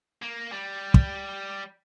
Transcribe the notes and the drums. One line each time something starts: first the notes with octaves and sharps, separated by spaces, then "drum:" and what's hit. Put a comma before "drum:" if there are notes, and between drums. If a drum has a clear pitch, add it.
A#3
G3
drum: kick